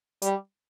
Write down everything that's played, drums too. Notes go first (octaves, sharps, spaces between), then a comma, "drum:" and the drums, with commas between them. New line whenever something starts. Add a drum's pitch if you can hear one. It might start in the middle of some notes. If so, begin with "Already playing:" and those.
G3, drum: hi-hat